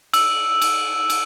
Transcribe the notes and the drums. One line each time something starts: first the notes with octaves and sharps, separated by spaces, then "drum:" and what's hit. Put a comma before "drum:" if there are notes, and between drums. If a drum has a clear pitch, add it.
E6, drum: cymbal
drum: cymbal
drum: cymbal